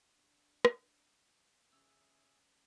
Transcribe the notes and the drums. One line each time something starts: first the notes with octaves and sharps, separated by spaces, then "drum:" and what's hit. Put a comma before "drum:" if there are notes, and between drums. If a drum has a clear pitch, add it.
D4
drum: rim click
C#3 C#4 G#4 E5 E6 F7